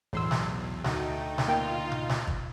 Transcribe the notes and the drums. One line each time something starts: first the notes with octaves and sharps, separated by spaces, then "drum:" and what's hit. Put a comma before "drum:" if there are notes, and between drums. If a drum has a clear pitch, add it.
B1 E2 A2 C6 E6
drum: snare
D2 A3 D#4 F#4 G5, drum: snare
drum: snare
A#3 F4 G5
drum: tom B2
drum: snare
drum: kick